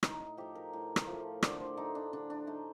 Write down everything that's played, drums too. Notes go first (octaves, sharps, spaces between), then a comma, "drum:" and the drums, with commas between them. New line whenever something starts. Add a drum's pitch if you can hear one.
A2 D#4, drum: rim click
D#4
F3 A3 G4
A#4
A2
drum: rim click
F3 A3
D3 D5, drum: rim click
C5
A3 D#4
D4
D3 D4
D4
A3 D#4